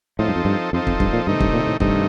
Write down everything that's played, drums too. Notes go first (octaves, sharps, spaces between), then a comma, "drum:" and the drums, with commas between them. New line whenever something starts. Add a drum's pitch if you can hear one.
A2 F3 C4 D#4 A4
G2
F2
G2
F2 F3 C4 D#4 A4
F2, drum: kick
G2, drum: kick
A#2
G2 C3 D#3 A3 D#4
G2, drum: kick
A#2
A2
G2 C3 D#3 A3 D#4, drum: kick